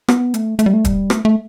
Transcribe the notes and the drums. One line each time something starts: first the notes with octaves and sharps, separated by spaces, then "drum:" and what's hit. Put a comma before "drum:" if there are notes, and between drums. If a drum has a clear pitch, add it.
B3, drum: rim click
A3, drum: hi-hat
A3, drum: hi-hat
G3
A3
G3, drum: kick, hi-hat
A3, drum: rim click
A3